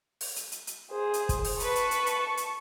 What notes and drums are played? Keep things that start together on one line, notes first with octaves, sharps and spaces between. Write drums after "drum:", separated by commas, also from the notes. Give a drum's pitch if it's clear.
drum: open hi-hat
drum: hi-hat
drum: hi-hat
drum: hi-hat
G#4 C5
drum: hi-hat
drum: kick, hi-hat
drum: open hi-hat
B4 A5 C#6, drum: hi-hat
drum: hi-hat
drum: hi-hat
drum: hi-hat
drum: hi-hat